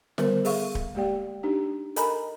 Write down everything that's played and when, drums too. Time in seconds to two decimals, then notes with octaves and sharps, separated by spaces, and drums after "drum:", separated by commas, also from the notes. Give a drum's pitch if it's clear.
0.18 D3 D#3 G3 B3 A#4 C5, drum: snare
0.45 G#4 A4 E5 F5 C#6, drum: open hi-hat
0.75 drum: kick D1
0.95 G#3 A#3 G4 D5 G5
1.43 D4 D#4 G4
1.96 A4 A#4 D#5 G#5 A#5 B5, drum: hi-hat